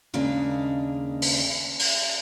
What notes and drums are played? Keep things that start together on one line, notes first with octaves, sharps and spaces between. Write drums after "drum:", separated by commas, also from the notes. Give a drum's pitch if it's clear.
D#2 C#3 G#3 A#3 D4
drum: open hi-hat
drum: open hi-hat